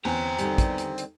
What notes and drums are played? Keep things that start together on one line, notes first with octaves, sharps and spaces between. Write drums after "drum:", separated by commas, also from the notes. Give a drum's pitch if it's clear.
E2 C4 C#4 G4 A#5
D3 D#3 G3, drum: hi-hat
drum: kick, hi-hat
drum: hi-hat
drum: hi-hat